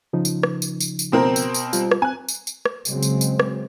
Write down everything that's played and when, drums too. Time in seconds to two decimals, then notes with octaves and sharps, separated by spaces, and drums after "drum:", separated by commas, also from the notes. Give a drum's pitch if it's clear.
0.13 C#3 F3 D#4
0.25 drum: tambourine
0.43 drum: rim click
0.62 drum: tambourine
0.80 drum: tambourine
0.99 drum: tambourine
1.12 B2 C4 A#4
1.36 drum: tambourine
1.54 drum: tambourine
1.73 G3 F4, drum: tambourine
1.91 drum: rim click
2.02 C4 G#5 F#6
2.28 drum: tambourine
2.47 drum: tambourine
2.66 drum: rim click
2.85 C#3 F#3 G#3 C4, drum: tambourine
3.03 drum: tambourine
3.21 drum: tambourine
3.40 drum: rim click